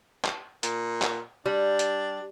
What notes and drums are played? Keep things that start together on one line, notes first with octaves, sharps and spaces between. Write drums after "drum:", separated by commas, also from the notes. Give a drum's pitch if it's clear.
drum: clap
A#2, drum: hi-hat
drum: clap
G3 D4
drum: hi-hat